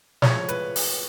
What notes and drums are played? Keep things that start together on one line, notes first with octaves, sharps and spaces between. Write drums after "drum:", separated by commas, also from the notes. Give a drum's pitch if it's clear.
A2 F3 G#3 C#5, drum: snare
B4, drum: hi-hat
drum: open hi-hat